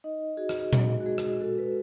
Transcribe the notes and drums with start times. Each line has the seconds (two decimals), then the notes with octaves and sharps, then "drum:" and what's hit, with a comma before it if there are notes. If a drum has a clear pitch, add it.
0.04 D#4 D#5
0.37 F#4 G#4
0.49 drum: rim click
0.73 G#3, drum: tom A#2
1.01 F#4
1.06 G#3 G#4
1.18 drum: rim click
1.41 F#4 A4
1.58 B4